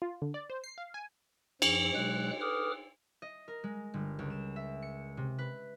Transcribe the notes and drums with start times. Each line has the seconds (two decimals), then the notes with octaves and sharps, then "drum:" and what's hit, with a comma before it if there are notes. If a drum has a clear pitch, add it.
0.02 F4
0.22 D3
0.34 D5
0.50 C5
0.64 C7
0.78 F5
0.94 G#5
1.62 F#2 F3, drum: cymbal
1.94 B2 F#3 G#3 F#6
2.41 A4 B4 D6 D#6 F6
3.22 D#5
3.48 A#4
3.64 G#3
3.94 G1
4.19 C#2
4.30 E7
4.56 E5
4.82 C#7
5.17 C3
5.38 B4